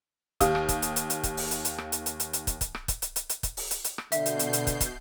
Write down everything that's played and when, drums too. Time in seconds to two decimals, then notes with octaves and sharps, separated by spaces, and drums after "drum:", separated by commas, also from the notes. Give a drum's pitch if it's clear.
0.41 D#2 G4 F5 D#6, drum: kick, hi-hat
0.55 drum: rim click
0.69 drum: kick, hi-hat
0.82 drum: hi-hat
0.96 drum: hi-hat
1.10 drum: hi-hat
1.23 drum: kick, hi-hat
1.37 drum: open hi-hat
1.51 drum: hi-hat
1.65 drum: hi-hat
1.78 drum: rim click
1.92 drum: hi-hat
2.06 drum: hi-hat
2.20 drum: hi-hat
2.33 drum: hi-hat
2.47 drum: kick, hi-hat
2.61 drum: kick, hi-hat
2.75 drum: rim click
2.88 drum: kick, hi-hat
3.02 drum: hi-hat
3.16 drum: hi-hat
3.29 drum: hi-hat
3.43 drum: kick, hi-hat
3.57 drum: open hi-hat
3.71 drum: hi-hat
3.84 drum: hi-hat
3.98 drum: rim click
4.12 B2 D3 E5 G6 C7, drum: hi-hat
4.26 drum: hi-hat
4.39 drum: hi-hat
4.53 drum: hi-hat
4.67 drum: kick, hi-hat
4.81 drum: kick, hi-hat